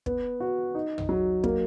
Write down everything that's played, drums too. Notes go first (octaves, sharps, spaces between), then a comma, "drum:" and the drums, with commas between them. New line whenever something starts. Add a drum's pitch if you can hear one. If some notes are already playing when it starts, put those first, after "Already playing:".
B3, drum: kick
F#4
D#4
drum: tom
F#3
A#3, drum: kick